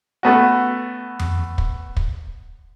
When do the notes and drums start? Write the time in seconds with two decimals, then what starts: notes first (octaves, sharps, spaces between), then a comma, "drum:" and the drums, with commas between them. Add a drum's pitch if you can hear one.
0.23 A3 B3 F#4
1.19 drum: tom F2
1.58 drum: kick
1.97 drum: kick